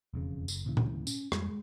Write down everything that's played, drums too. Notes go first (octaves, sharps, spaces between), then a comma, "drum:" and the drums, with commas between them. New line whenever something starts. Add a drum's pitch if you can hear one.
E1 F2 C#3
F#1, drum: tambourine
D2 A#2 C#3 E3
drum: tom A#2
C#4, drum: tambourine
F2 G3 G#3, drum: rim click
G#3